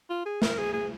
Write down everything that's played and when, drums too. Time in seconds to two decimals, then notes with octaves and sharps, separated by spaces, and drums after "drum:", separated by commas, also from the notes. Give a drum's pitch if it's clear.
0.10 F4
0.26 G#4
0.42 A#4, drum: snare
0.58 G#4
0.73 G#4